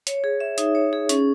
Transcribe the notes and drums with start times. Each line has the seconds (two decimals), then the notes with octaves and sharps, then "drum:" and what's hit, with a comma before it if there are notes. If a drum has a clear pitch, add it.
0.07 C#5, drum: hi-hat
0.24 G#4
0.40 E5
0.58 D#4, drum: hi-hat
0.75 C#5
0.93 G#4
1.09 C#4, drum: hi-hat